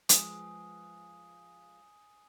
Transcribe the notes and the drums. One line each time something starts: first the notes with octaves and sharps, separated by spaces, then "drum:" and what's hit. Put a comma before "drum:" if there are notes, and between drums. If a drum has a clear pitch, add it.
F3 G#3 B4 G#5 D#6, drum: hi-hat